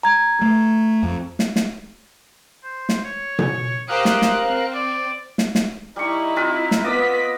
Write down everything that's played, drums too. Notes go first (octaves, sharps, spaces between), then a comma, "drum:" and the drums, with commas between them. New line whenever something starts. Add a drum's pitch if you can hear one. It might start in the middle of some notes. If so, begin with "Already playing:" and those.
A#5 G#6
A3
F2
drum: snare
drum: snare
C5
drum: snare
C#5
drum: tom B2
G4 A#4 C5 F5 D#6 F#6
drum: snare
drum: snare
C4
D5
drum: snare
drum: snare
G3 D#4 E4 C#6
C4 F4 B4
drum: snare
B3 D5 D#5 B6